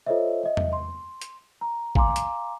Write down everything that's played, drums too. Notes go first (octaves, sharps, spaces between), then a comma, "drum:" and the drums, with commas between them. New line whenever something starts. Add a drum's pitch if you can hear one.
F4 A4 C5 C#5 D#5 E5
D#5 E5
drum: tom E2
C6
drum: hi-hat
A#5
F5 G#5 A#5 C6 D6, drum: kick
drum: hi-hat